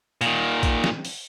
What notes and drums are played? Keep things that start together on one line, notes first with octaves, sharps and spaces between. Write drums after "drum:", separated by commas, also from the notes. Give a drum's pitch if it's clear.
A#2 D#3, drum: hi-hat
drum: kick A#1, hi-hat
drum: snare
drum: open hi-hat